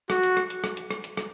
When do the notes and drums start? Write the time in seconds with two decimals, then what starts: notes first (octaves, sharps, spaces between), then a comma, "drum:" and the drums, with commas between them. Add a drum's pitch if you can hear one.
0.10 F#4, drum: rim click
0.23 drum: hi-hat
0.37 drum: rim click
0.50 drum: hi-hat
0.64 drum: rim click
0.77 drum: hi-hat
0.91 drum: rim click
1.04 drum: hi-hat
1.17 drum: rim click